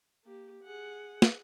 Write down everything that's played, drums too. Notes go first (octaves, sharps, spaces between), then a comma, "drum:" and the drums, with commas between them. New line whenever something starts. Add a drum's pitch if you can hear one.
A#3 G4
G#4 F#5
drum: snare